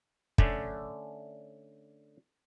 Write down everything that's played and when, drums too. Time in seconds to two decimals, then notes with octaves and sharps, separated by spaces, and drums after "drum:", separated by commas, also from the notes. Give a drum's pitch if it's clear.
0.38 D3 A3 C#4 D4, drum: kick